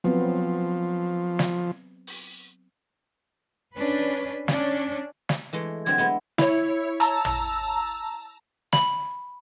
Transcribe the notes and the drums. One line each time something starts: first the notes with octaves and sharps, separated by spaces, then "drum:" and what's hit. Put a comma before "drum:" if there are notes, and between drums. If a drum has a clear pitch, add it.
F3 F#3 B3 C4
drum: snare
drum: open hi-hat
C#4 D4 B4
C#4 D4, drum: snare
drum: snare
E3 G#3 A3
D3 F#3 C4 G#6
G#3 B3 E4
E4 C#5, drum: snare
A5 A#5 E6, drum: hi-hat
drum: tom
B5, drum: snare